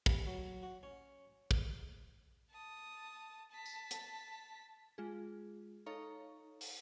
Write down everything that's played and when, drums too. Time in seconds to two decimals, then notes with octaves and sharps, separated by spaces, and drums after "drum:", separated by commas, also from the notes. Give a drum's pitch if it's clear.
0.06 G3, drum: kick
0.26 F#3
0.63 F#4
0.83 C#4
1.51 drum: kick
2.50 A5 D#6
3.51 A5 B6
3.66 drum: tambourine
3.91 drum: hi-hat
4.98 G#3 F4 G#4
5.86 D#4 A4 C#5 F5 A#5 C#6
6.61 drum: open hi-hat